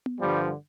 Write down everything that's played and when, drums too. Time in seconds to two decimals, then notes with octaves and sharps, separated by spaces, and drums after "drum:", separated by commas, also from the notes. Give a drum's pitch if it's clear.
0.06 drum: tom B3
0.20 G2 D3 F3 G3